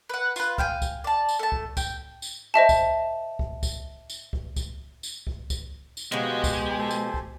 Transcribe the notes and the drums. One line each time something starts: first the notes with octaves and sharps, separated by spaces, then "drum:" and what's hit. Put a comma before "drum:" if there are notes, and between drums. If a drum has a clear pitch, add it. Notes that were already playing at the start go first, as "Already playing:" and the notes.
B4 F#5
F4 B4, drum: tambourine
F5 G5 G#5, drum: kick C#2
drum: kick C#2, tambourine
D5 A5
drum: tambourine
A3 A5
drum: kick C#2
G5, drum: kick C#2, tambourine
drum: tambourine
C5 D#5 E5 A5
drum: kick C#2, tambourine
drum: kick C#2
drum: kick C#2, tambourine
drum: tambourine
drum: kick C#2
drum: kick C#2, tambourine
drum: tambourine
drum: kick C#2
drum: kick C#2, tambourine
drum: tambourine
B2 F3 G#3 F#4 G4 D#5 G#5 A#5
drum: kick C#2, tambourine
A4 C5
drum: tambourine
drum: kick C#2